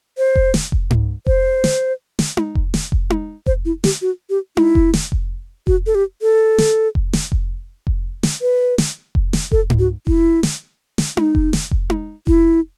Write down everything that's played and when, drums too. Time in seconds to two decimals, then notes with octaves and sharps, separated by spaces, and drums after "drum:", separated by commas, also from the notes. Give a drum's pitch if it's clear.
0.18 C5
0.36 drum: kick F1
0.54 drum: snare
0.72 drum: kick F1
0.90 drum: tom G#2
1.27 C5, drum: kick F1
1.64 drum: snare
2.19 drum: snare
2.37 drum: tom D#4
2.55 drum: kick F1
2.74 drum: snare
2.92 drum: kick F1
3.10 drum: tom D#4
3.46 C5, drum: kick F1
3.65 E4
3.84 G4, drum: snare
4.02 F#4
4.30 G4
4.57 E4, drum: tom D#4
4.75 drum: kick F1
4.94 drum: snare
5.12 drum: kick F1
5.67 F#4, drum: kick F1
5.86 A4
5.95 G4
6.22 A4
6.58 drum: snare
6.95 drum: kick F1
7.13 drum: snare
7.32 drum: kick F1
7.87 drum: kick F1
8.23 drum: snare
8.42 B4
8.78 drum: snare
9.15 drum: kick F1
9.33 drum: snare
9.52 A4, drum: kick F1
9.70 drum: tom G#2
9.79 F#4
10.07 E4, drum: kick F1
10.43 drum: snare
10.98 drum: snare
11.17 D#4, drum: tom D#4
11.35 drum: kick F1
11.53 drum: snare
11.71 drum: kick F1
11.90 drum: tom D#4
12.27 E4, drum: kick F1